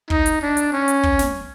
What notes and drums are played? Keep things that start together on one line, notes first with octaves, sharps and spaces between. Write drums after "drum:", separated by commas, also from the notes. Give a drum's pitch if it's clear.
D#4, drum: kick
drum: hi-hat
D4
drum: hi-hat
C#4
drum: hi-hat
drum: kick
drum: snare